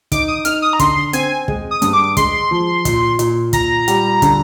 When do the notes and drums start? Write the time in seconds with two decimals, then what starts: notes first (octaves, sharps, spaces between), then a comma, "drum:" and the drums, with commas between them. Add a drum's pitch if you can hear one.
0.12 D#4 D6, drum: kick, hi-hat
0.28 D#6
0.45 D#4 F6, drum: hi-hat
0.62 D#6
0.73 A#5
0.79 D3 C6, drum: kick, hi-hat
1.13 C4 G#5, drum: hi-hat
1.48 G#3, drum: kick
1.71 D#6
1.82 G2, drum: hi-hat
1.93 D6
2.17 G#3 C6, drum: kick, hi-hat
2.51 F3
2.85 A#2, drum: kick, hi-hat
3.19 A#2, drum: hi-hat
3.53 A#2 A#5, drum: kick, hi-hat
3.88 G3, drum: hi-hat
4.22 D3, drum: kick, hi-hat